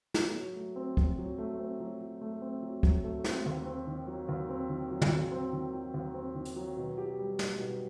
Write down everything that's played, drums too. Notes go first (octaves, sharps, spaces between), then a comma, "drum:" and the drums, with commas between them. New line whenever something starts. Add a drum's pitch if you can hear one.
F#3, drum: snare
F#3
A3
C4
F#3, drum: kick
F#3
A3
C4
F#3
F#3
A3
C4
F#3
F#3, drum: kick
A3
C4, drum: snare
D#2
C4
D#3
F#3
D#2
C4
D#3
F#3
drum: tom
D#2
C4
D#3
F#3
D#2
C4
D#3
drum: hi-hat
F#3
B2
G4
G3
D#4, drum: snare
B2